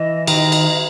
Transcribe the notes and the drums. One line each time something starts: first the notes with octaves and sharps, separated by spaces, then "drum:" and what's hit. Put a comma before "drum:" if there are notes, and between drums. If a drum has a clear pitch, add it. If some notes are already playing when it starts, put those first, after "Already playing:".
Already playing: E3 D#5
D#3, drum: cymbal
drum: cymbal